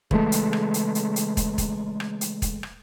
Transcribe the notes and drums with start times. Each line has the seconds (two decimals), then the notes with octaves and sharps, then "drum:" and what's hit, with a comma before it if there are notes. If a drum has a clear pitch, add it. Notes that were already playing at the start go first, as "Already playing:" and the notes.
0.11 C#3 E3 G#3 A3, drum: kick
0.32 drum: hi-hat
0.53 drum: rim click
0.74 drum: hi-hat
0.95 drum: hi-hat
1.16 drum: hi-hat
1.37 drum: kick, hi-hat
1.58 drum: kick, hi-hat
2.00 drum: rim click
2.21 drum: hi-hat
2.42 drum: kick, hi-hat
2.63 drum: rim click